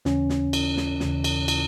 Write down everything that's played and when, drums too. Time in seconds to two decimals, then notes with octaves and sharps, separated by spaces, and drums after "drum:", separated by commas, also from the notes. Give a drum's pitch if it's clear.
0.05 D#2 C#3 E3 C#4, drum: snare
0.29 drum: snare
0.53 drum: cymbal
0.77 drum: snare
1.00 D#2 C#3 E3, drum: snare
1.24 drum: cymbal
1.48 drum: cymbal